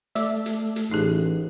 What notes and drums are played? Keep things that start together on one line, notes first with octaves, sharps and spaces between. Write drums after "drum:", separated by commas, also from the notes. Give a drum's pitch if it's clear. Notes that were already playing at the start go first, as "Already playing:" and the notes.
A3 D5 E5, drum: hi-hat
drum: hi-hat
drum: hi-hat
A1 D#4 G#4